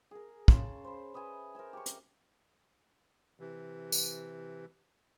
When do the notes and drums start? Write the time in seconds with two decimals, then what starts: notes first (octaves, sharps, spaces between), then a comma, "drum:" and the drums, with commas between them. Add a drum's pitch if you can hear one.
0.11 G#4 A#4
0.48 C#3 A5 C6 C#6, drum: kick
0.84 C5 B5
1.14 B4 D#5 E5 G#5
1.55 A#4 C5 E5 G#5
1.73 G4 C#6
1.86 drum: hi-hat
3.40 C3 E3
3.92 drum: tambourine